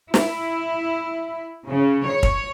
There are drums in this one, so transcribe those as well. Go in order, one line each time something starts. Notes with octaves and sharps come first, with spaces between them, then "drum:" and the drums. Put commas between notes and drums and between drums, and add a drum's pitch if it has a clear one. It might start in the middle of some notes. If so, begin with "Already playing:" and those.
E4, drum: snare
C#3
C#5
drum: kick